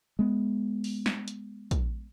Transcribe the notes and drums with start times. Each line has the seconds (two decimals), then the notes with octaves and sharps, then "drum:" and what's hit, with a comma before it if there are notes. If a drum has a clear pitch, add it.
0.19 G#3 B3
0.84 drum: open hi-hat
1.06 drum: snare
1.28 drum: hi-hat
1.71 drum: kick, hi-hat